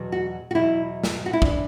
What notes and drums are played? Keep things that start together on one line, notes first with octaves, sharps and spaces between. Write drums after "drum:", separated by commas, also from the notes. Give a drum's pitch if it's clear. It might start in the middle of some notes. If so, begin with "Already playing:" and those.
Already playing: E2 B2 F#3
F#4
F#4
E2 B2 F#3 E4
drum: snare
F#4
E4
E3 D4, drum: kick